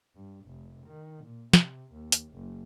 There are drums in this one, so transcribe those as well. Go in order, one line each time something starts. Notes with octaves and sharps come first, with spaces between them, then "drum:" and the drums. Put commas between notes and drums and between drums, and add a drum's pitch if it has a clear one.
G2
F1
D#3
A#2
C3, drum: snare
D#2
drum: hi-hat
F#1